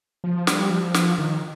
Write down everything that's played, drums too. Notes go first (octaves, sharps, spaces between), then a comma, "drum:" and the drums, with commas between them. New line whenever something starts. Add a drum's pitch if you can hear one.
F3
G3, drum: snare
F3
drum: snare
D#3